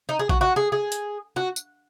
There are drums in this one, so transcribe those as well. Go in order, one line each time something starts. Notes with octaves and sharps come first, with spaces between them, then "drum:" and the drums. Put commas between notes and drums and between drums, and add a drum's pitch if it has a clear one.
D#4
G#4
F#4, drum: kick
F#4
G#4
G#4
drum: hi-hat
F#4
drum: tambourine